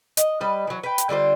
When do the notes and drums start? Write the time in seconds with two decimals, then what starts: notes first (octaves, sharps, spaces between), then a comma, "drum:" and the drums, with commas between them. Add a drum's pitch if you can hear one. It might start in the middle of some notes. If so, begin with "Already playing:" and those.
0.17 D#5, drum: hi-hat
0.40 G3 B4 D#5
0.67 E3 F#3
0.83 B4 G5
0.98 drum: hi-hat
1.09 D3 G3 F4 C5